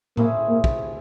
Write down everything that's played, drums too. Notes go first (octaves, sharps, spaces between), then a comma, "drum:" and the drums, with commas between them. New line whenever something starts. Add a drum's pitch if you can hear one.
A3 A#3 C4 E4 G#4, drum: tom A2
A#3
drum: kick